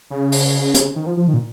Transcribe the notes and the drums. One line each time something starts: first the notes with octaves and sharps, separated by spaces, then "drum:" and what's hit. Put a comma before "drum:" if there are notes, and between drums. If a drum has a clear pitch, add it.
C#3
drum: open hi-hat
drum: hi-hat
D#3
F3
F3
D#3
A#2